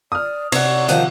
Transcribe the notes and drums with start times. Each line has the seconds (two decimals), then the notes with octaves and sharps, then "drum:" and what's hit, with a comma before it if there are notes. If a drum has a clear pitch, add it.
0.12 D5 D#6 F6
0.52 C3 C#5 D5 F#5, drum: cymbal
0.89 D#3 F3 F#5, drum: hi-hat